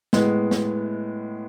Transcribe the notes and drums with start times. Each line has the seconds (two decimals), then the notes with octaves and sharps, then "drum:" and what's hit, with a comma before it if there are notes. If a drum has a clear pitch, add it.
0.13 A2 G#3 B3, drum: snare
0.51 drum: snare